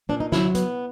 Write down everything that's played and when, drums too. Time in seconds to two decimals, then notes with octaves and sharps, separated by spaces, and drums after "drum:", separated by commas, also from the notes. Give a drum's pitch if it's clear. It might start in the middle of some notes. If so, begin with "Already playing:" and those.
0.09 A#2 D4
0.20 D#4
0.32 F#3 E4, drum: snare
0.55 B3, drum: hi-hat